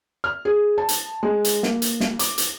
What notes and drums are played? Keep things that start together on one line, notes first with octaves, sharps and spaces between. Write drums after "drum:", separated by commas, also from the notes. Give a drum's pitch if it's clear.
F6
G#4
A5
drum: hi-hat
G#3
drum: hi-hat
A#3, drum: snare
drum: hi-hat
drum: snare
D6, drum: hi-hat
drum: hi-hat